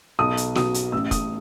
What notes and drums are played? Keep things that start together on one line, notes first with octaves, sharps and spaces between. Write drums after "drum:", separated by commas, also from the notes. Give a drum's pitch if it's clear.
B1 D#6
drum: hi-hat
B2 F#3 D#6, drum: snare
drum: hi-hat
A1 E6
D#6, drum: kick, hi-hat